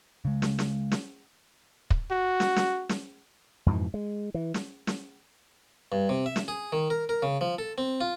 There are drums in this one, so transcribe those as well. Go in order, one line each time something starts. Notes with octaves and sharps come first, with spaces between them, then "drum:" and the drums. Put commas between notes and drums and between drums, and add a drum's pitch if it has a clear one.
C#3 G#3
drum: snare
drum: snare
drum: snare
drum: kick
F#4
drum: snare
drum: snare
drum: snare
F2 G#2 B2 E3
G#3
E3
drum: snare
drum: snare
G2
C3
E5
drum: snare
G#4
D#3
A#4
A#4
C#3
F3
A4
C4
F4